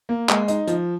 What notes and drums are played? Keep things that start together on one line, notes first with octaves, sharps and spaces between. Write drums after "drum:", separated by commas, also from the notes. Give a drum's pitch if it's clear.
A#3
G#3, drum: clap
D#4, drum: hi-hat
F3, drum: hi-hat